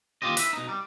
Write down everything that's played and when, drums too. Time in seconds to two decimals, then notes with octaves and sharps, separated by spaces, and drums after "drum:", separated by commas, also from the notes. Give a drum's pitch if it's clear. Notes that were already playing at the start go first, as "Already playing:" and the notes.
0.22 D#2 E3 F4 G4 C5 D#5
0.37 B4 E5, drum: hi-hat
0.53 B2 D#4
0.69 G3